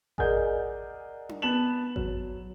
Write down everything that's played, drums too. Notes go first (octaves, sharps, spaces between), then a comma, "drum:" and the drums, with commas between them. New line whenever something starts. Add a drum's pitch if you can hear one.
G#4 A#4 D5 D#5 F#5 G6, drum: kick G#1
drum: tom D4
B3 A5 E7 F#7
F#3, drum: kick G#1